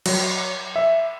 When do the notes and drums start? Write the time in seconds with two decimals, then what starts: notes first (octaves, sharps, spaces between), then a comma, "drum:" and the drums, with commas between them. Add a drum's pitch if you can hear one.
0.06 F#3, drum: cymbal
0.76 E5